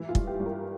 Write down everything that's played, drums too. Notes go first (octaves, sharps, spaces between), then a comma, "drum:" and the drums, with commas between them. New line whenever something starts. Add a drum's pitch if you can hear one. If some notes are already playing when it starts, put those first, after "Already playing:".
Already playing: E3 E4
F4
G2, drum: kick
G4
G2
A#4